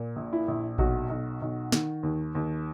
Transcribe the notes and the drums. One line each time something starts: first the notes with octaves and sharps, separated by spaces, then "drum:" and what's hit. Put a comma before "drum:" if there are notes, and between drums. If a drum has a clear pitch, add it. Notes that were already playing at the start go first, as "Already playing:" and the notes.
Already playing: A#2
A#1
E4
A#1
B1 F#4, drum: kick A1
B1
B1
D#3, drum: snare
D#2
D#2